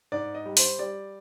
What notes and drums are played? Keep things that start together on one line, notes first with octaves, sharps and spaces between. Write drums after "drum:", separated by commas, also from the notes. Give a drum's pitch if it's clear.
G#2 D5
D#5
G3
C5, drum: open hi-hat
G3 D5